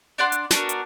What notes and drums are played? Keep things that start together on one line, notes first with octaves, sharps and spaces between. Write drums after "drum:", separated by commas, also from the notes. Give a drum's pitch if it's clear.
D4 D5 F#5 C6
drum: hi-hat
B3 D4 F#4 A#4, drum: snare
drum: hi-hat